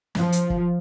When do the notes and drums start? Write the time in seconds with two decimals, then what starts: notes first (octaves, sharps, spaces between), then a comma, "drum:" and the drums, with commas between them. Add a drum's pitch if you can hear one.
0.15 F3, drum: snare
0.32 drum: hi-hat
0.50 drum: kick